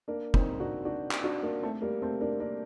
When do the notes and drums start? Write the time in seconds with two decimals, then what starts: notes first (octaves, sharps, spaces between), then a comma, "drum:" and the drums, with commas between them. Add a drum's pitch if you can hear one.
0.08 A#3 D4
0.34 C4 D#4, drum: kick
0.60 D4 F#4
0.85 D4 F#4
1.11 drum: clap
1.24 D4 F#4
1.43 A#3 D4
1.63 A3 C4
1.82 G3 A#3
2.02 A3 C4
2.21 A#3 D4
2.40 A#3 D4